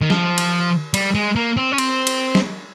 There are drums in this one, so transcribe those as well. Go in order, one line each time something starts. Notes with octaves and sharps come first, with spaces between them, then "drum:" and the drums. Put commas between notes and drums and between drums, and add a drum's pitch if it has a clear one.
D#3
F3, drum: snare
drum: cymbal
G3, drum: cymbal
G#3
A#3
C4
C#4
C4, drum: cymbal
drum: cymbal
drum: snare